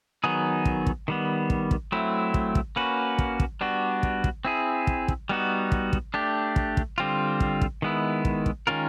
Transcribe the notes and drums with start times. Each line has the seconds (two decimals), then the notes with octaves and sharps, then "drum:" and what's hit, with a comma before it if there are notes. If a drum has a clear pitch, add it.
0.24 D#3 F#3 B3 D#4 G#4
0.65 drum: kick
0.86 drum: kick
1.08 D#3 G3 B3
1.50 drum: kick
1.71 drum: kick
1.92 F#3 A3 C4 E4
2.34 drum: kick
2.55 drum: kick
2.76 A#3 C#4 F#4 B4
3.19 drum: kick
3.40 drum: kick
3.61 G3 B3 D4 F#4
4.03 drum: kick
4.24 drum: kick
4.45 C4 E4 G#4
4.87 drum: kick
5.08 drum: kick
5.29 G3 B3 D#4 F#4
5.72 drum: kick
5.93 drum: kick
6.14 A3 D4 G4
6.56 drum: kick
6.77 drum: kick
6.98 D3 G3 C4 F4
7.40 drum: kick
7.61 drum: kick
7.82 D#3 G#3 B3 E4
8.25 drum: kick
8.46 drum: kick
8.67 D#3 G#3 C#4 F4 A#4